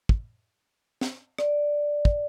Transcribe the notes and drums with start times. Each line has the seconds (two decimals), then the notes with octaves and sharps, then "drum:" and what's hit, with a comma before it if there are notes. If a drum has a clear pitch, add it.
0.09 drum: kick
1.01 drum: snare
1.38 D5, drum: rim click
2.05 drum: kick